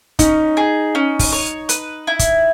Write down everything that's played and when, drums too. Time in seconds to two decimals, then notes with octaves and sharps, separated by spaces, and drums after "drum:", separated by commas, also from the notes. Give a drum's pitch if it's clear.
0.19 C#4 D#4, drum: kick, hi-hat
0.57 G#4
0.95 C#4
1.19 drum: kick, open hi-hat
1.32 C#5
1.69 B4, drum: hi-hat
2.07 E4
2.19 drum: kick, hi-hat